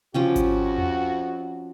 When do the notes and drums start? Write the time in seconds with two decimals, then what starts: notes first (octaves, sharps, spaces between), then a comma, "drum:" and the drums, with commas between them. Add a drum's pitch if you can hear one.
0.14 F2 F3 C#4 F#4 G4
0.36 drum: kick G#1, hi-hat
0.78 drum: tom E2